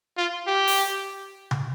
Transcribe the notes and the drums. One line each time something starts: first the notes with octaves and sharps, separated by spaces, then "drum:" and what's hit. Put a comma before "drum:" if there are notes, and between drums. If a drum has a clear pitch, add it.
F4
G4
drum: open hi-hat
drum: tom C3